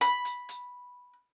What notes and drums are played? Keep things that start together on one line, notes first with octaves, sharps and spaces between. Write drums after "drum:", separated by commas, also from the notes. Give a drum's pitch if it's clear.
B5, drum: hi-hat
drum: hi-hat
drum: hi-hat